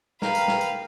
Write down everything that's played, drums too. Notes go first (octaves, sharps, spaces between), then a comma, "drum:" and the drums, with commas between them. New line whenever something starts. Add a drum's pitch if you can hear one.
A#4 B4 F5 G5, drum: snare
drum: tambourine
drum: snare
drum: tambourine